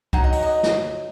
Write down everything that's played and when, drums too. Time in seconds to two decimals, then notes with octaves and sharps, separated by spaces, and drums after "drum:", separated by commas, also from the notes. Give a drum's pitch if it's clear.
0.13 F#3 D#4 F#5, drum: kick C2
0.24 D#5
0.32 F#5, drum: open hi-hat
0.43 D#5
0.63 drum: snare